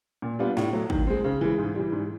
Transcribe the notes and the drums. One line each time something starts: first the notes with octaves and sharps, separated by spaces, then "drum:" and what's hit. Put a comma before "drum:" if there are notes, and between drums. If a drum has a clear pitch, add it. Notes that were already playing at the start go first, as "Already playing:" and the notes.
A#2
G3 B3 D4 F4
A2, drum: snare
F#3 A3
D#3, drum: kick
G#3 C4
C#3
E3 G#3
G#2
E3 G3
G#2